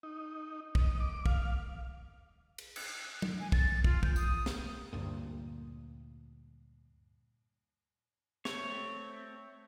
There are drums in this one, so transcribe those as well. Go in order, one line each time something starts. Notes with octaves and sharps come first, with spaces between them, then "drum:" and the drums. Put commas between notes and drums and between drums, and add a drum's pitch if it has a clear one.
D#4
D#5, drum: kick
D6
F5, drum: kick
drum: cymbal
drum: cymbal
drum: tom
G#5
A6, drum: kick
F4, drum: kick
G6, drum: kick
D#6, drum: tambourine
drum: snare
D2 G2 A#2
A3 C4 C#5, drum: snare